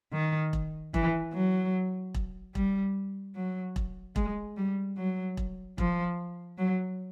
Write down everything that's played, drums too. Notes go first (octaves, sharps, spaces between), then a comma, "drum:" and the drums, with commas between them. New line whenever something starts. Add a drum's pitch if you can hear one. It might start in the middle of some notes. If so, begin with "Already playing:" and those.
D#3
drum: kick E1
E3, drum: kick E1
F#3
drum: kick E1
G3, drum: kick E1
F#3
drum: kick E1
G#3, drum: kick E1
G3
F#3
drum: kick E1
F3, drum: kick E1
F#3